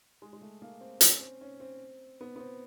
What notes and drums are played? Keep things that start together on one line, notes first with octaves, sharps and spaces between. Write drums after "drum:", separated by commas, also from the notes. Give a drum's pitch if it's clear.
G#3
G#3
A3
A#3
C4
C#4, drum: hi-hat
C4
C#4
C4
B3
B3
C4